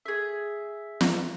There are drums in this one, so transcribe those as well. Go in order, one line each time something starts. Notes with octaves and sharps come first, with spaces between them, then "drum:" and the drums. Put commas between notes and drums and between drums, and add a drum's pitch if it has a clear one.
G#4 E5
drum: snare